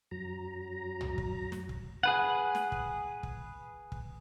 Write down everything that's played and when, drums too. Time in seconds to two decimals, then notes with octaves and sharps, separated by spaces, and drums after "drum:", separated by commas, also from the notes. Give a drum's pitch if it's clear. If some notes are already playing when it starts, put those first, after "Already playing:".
0.11 F#2 F#3 A#5
1.01 drum: tom
1.18 drum: kick
1.52 drum: snare
1.69 drum: kick
2.03 G#4 B4 F#5
2.55 drum: snare
2.72 drum: kick
3.23 drum: kick
3.92 drum: kick